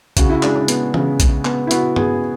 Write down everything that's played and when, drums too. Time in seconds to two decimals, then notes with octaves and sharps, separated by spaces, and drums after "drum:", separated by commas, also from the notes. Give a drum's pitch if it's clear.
0.17 C#3 F#4, drum: kick A#1, hi-hat
0.30 E4
0.43 G#3 D4, drum: clap
0.56 D4
0.68 B3, drum: hi-hat
0.94 C#3, drum: tom E3
1.20 C#3, drum: kick A#1, hi-hat
1.45 B3, drum: clap
1.67 E4
1.71 B3 F#4, drum: hi-hat
1.96 B3 G#4, drum: tom G2